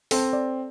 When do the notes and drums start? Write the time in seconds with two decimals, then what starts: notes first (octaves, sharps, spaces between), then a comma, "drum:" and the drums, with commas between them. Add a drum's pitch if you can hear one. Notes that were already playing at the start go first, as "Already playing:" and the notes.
0.11 C4 A4, drum: open hi-hat
0.33 D5